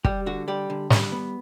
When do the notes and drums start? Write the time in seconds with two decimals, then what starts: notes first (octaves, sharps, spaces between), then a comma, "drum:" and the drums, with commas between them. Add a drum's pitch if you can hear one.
0.05 G3 G4, drum: kick
0.26 D3 F#4
0.48 G3 G4
0.70 D3
0.90 G3, drum: snare
1.12 B3